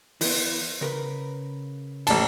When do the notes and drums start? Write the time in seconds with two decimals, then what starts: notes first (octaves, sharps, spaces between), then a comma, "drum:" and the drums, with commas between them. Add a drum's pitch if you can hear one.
0.21 E3 B3, drum: open hi-hat
0.81 C#3 A#4 B4
2.07 A1 A5, drum: cymbal